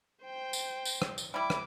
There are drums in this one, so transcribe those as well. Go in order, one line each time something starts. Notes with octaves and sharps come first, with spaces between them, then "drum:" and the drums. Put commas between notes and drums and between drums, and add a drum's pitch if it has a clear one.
C5 G5
drum: tambourine
drum: tambourine
drum: rim click
drum: tambourine
G3 E4 D6
drum: rim click